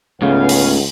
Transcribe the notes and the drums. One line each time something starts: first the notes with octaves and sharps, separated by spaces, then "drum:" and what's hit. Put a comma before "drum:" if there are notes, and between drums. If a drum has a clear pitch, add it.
C#2 G#2 C#3 A3 B3 C#4 F5
drum: open hi-hat